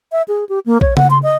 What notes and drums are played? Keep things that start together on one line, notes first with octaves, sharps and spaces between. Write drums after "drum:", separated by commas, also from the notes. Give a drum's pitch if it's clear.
E5
G#4
G4
A#3
C#5, drum: kick A#1
F#5, drum: tom C#3
C6
D#5